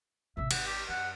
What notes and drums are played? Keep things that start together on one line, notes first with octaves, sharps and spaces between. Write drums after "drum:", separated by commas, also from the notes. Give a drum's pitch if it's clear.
A1 C3 E5
G#1 F#5, drum: cymbal
G4
F#2 F#5